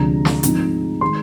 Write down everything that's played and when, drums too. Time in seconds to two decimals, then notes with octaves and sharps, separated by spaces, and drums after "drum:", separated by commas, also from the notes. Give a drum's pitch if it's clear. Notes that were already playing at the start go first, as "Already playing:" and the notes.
Already playing: D2 C3 F3 G#3 D4 A#5
0.25 drum: snare
0.43 G#2 F3 G#3 C4 D#4, drum: hi-hat
1.01 D#3 G#3 C6